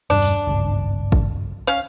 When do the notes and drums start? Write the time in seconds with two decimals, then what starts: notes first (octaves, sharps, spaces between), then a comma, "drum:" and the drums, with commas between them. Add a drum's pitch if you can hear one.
0.10 E1 G2 D4
0.22 drum: open hi-hat
0.47 G#1 C#2 G2
1.12 drum: kick G#1
1.67 C#4 F5